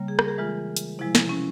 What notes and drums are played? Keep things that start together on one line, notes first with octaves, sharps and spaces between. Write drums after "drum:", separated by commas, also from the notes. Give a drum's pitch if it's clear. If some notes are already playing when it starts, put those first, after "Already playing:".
Already playing: C#3 G3 A#3
G#4
A#4, drum: rim click
G#4
E3 G#3 F4
drum: hi-hat
C3 F3 G#3 E4
E4, drum: snare
C#4